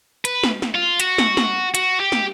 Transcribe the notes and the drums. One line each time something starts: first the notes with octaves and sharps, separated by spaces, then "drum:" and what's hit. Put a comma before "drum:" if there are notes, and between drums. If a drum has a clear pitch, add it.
B4, drum: hi-hat
drum: snare
drum: snare
F4
F#4, drum: hi-hat
drum: snare
drum: snare
F#4, drum: hi-hat
G4
drum: snare